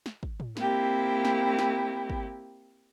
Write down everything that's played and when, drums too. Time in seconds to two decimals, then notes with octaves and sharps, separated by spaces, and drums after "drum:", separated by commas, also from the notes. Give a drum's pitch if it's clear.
0.06 drum: snare
0.23 drum: kick
0.40 drum: tom A2
0.57 A#3 C4 E4 G4, drum: snare
1.25 drum: snare
1.59 drum: snare
2.10 drum: kick